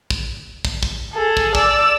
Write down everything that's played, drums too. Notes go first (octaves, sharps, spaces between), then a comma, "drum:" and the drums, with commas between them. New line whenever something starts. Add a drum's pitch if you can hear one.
drum: kick
drum: kick
drum: kick
G#4 A4
drum: kick
D5 E6, drum: kick